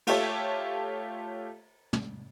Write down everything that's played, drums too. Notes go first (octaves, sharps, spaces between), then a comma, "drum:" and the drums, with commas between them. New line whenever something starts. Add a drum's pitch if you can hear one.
A3 F4 G4 A4 C#5 E5, drum: cymbal
drum: tom